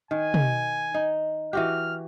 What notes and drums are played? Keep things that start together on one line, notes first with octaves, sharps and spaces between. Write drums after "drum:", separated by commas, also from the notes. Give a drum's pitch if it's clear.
D#3 G#5
drum: tom
D#4
E3 F#4 G4 F6